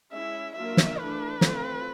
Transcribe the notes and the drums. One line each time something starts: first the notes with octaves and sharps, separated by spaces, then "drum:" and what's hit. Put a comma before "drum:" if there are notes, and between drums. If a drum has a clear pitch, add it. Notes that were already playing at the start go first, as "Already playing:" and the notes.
G#3 C#4 E4 E5
F#3 A#3 D4 F4 A#4 E5
drum: snare
E3 A3 D4 B4
A3 C4 F4, drum: snare